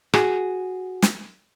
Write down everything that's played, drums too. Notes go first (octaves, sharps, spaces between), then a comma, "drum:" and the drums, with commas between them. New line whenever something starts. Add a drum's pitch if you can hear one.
F#4 G#4, drum: rim click
drum: snare